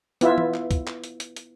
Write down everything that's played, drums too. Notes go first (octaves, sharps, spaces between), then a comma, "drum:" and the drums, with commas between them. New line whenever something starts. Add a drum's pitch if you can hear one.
B3 E4 F4 E5, drum: hi-hat
drum: tom E3
drum: clap
drum: kick, hi-hat
drum: clap
drum: hi-hat
drum: hi-hat
drum: hi-hat